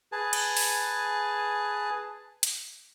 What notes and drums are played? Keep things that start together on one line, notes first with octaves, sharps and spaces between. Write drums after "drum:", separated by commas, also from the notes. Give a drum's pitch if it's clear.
G#4 B4 G#5 A5
drum: cymbal
drum: open hi-hat
drum: hi-hat